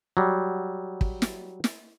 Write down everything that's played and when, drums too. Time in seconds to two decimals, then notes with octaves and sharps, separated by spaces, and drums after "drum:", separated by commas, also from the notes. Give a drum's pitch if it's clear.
0.17 F#3 G3
1.01 drum: kick
1.22 drum: snare
1.64 drum: snare